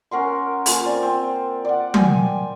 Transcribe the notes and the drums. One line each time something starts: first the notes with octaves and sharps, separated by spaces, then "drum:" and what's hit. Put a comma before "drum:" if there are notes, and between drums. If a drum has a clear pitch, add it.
C#4 A#4 F#5 C6
A#3 F4 G#5, drum: open hi-hat
C4 D5
C4
D5 F#5
G5 G#5, drum: tom F#3